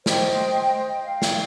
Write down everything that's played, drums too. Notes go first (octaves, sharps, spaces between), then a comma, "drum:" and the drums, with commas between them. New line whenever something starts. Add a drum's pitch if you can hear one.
C5 D#5 G5, drum: snare
F5 G5
drum: snare